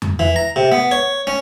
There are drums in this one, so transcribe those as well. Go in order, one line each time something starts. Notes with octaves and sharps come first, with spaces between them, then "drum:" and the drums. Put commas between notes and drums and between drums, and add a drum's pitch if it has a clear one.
drum: tom F2
E3
A#5
C3
B3
C#5
C#4